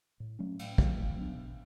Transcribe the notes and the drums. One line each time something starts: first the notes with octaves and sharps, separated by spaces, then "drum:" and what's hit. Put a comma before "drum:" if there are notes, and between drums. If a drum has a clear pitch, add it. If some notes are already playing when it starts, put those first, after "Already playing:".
A2
F#3 A3 C#4
A2, drum: cymbal
F#3 A3, drum: kick
B2
F#3 B3 D4
B2